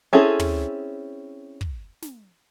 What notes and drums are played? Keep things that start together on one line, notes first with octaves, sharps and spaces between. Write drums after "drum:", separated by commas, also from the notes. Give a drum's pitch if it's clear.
C4 C#4 E4 G#4 A4
drum: tom
drum: kick
drum: snare